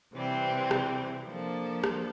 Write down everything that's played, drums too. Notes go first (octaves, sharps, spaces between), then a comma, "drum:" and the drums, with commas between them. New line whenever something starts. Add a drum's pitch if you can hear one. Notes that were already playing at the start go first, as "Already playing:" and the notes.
C3 E3 G3 C4
drum: rim click
F3 A#3 D4 A4
drum: rim click